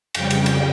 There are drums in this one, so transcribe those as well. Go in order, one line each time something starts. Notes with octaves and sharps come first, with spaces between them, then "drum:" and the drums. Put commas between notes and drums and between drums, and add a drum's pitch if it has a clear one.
F2 C#3 G3 G5, drum: cymbal
drum: cymbal
drum: cymbal